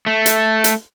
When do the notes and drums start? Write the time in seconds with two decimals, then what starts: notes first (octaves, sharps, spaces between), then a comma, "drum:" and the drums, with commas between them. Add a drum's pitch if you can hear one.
0.06 A3
0.26 drum: hi-hat
0.64 drum: hi-hat